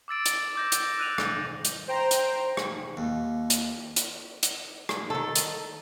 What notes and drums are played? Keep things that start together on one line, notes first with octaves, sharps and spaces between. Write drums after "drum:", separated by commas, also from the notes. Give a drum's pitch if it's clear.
D6 E6 A6 D7
drum: hi-hat
D6 G6 A#6
drum: hi-hat
E6 F#6 D#7 F7
drum: rim click
drum: hi-hat
C5 G5 A#5
drum: hi-hat
drum: rim click
D#2
drum: hi-hat
drum: hi-hat
drum: hi-hat
drum: rim click
D#3 A4
drum: hi-hat